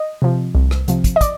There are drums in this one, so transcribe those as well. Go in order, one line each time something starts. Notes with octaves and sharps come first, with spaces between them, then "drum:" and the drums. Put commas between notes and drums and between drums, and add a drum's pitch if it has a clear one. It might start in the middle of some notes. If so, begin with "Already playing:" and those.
Already playing: D#5
C3 F3
C2
drum: rim click
C3 F3, drum: hi-hat
drum: kick, hi-hat
D#5
D5, drum: kick, hi-hat